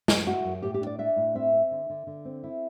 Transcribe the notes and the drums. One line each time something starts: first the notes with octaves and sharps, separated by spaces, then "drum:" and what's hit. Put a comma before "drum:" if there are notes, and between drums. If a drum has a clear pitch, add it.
F#2, drum: snare
E4 F#4
F#2
A2 G4
G4
D4
D5
D4 E5
A2
C4 E5
C4
D3
D3
D3
C4
E4